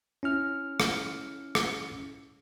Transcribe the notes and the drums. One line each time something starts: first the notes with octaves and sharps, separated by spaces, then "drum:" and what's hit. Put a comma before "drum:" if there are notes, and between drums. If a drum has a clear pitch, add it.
C#4 E4 F6
drum: rim click
drum: rim click